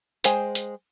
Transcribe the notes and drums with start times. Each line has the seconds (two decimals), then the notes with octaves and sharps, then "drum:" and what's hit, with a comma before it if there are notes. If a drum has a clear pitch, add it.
0.24 G#3 C5 G5 G#5, drum: hi-hat
0.55 drum: hi-hat